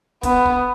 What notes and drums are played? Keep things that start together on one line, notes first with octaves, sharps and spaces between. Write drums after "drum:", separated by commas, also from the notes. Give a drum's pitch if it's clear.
B3, drum: kick, hi-hat
drum: kick